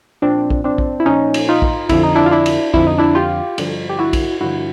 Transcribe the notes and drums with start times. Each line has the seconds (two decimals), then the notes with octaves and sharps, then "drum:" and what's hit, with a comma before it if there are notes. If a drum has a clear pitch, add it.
0.22 A#2 F3 C4 D4
0.50 drum: kick A#1
0.64 C4 D4
0.78 drum: kick A#1
1.00 E4
1.06 A#2 F3 C#4 D#4
1.34 drum: cymbal
1.49 D#4 F4
1.62 drum: kick A#1
1.89 F2 D3 F3 E4, drum: kick A#1, cymbal
2.03 D#4
2.15 D4 E4
2.26 F4
2.31 D4 E4
2.46 drum: cymbal
2.74 F2 D3 F3 E4, drum: kick A#1
2.87 D#4
2.98 D4 E4
3.15 F4 G4
3.58 G2 D3 F3, drum: cymbal
3.89 G4
3.99 E4 F#4
4.13 drum: kick A#1, cymbal
4.41 G2 D3 F3 E4 F#4